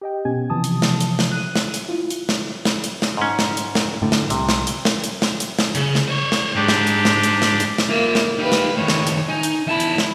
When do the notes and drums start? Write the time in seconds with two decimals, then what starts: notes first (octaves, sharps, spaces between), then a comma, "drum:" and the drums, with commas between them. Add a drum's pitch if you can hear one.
0.01 G4 D#5 G5
0.25 B2 B3 C#4 G4 G#5 G#6
0.50 C3 E3 F3 A5 D#6
0.64 drum: hi-hat
0.82 drum: snare
1.01 drum: hi-hat
1.19 drum: snare
1.31 F#6 D#7
1.55 drum: snare
1.74 drum: hi-hat
1.89 E4 F4
2.10 drum: hi-hat
2.29 drum: snare
2.65 drum: snare
2.84 drum: hi-hat
3.02 drum: snare
3.17 G#2 C#4
3.39 drum: snare
3.57 drum: hi-hat
3.75 drum: snare
4.02 A2 D3
4.12 drum: snare
4.30 C2 C3, drum: hi-hat
4.49 drum: snare
4.67 drum: hi-hat
4.85 drum: snare
5.04 drum: hi-hat
5.22 drum: snare
5.40 drum: hi-hat
5.59 drum: snare
5.75 C#3, drum: hi-hat
5.95 drum: snare
6.08 C5 C#5
6.32 drum: snare
6.55 G#2 D4 G4
6.68 drum: snare
6.87 drum: hi-hat
7.05 drum: snare
7.23 drum: hi-hat
7.42 drum: snare
7.60 drum: hi-hat
7.78 drum: snare
7.89 A#3 F4 E5
8.15 drum: snare
8.39 D#4 G4 B4 F5
8.52 drum: snare
8.77 A2 D#3 C#5
8.88 drum: snare
9.07 drum: hi-hat
9.28 D#4 G#5
9.43 drum: hi-hat
9.67 E2 E4 A5
9.80 drum: hi-hat
9.98 drum: snare